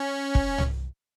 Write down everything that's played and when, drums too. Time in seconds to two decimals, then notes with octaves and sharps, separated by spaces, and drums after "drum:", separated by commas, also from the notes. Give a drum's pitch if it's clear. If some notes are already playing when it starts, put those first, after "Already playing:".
Already playing: C#4
0.35 drum: kick
0.58 drum: tom C2